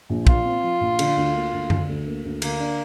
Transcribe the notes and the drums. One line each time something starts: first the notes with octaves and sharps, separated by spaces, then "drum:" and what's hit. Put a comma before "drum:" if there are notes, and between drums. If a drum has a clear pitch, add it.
A#1
A#2 F4, drum: kick
C4
F3
A#1
D3, drum: cymbal
D2
A#3
D2
D3, drum: tom F#2
D2
A#3
D2
D3 A#3, drum: cymbal
D4